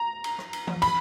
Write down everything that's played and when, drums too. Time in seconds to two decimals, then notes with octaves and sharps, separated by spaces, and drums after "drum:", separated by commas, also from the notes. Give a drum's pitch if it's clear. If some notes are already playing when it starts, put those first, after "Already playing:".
Already playing: A#5
0.24 drum: cymbal
0.38 drum: rim click
0.53 drum: cymbal
0.67 drum: tom E3
0.82 B5, drum: cymbal